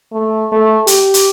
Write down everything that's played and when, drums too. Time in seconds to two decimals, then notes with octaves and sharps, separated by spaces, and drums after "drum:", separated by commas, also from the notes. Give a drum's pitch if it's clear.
0.12 A3
0.52 A3
0.87 G4, drum: hi-hat
1.14 drum: hi-hat